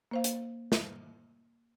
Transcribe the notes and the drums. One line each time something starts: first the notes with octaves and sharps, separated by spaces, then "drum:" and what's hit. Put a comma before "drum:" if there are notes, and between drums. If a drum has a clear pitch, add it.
A#3 C5 F5
drum: hi-hat
drum: snare